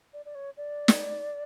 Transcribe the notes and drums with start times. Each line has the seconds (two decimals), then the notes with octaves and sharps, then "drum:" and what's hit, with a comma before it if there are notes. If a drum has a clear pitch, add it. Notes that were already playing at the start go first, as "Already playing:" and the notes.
0.13 D5
0.25 D5
0.35 C#5
0.57 D5
0.88 drum: snare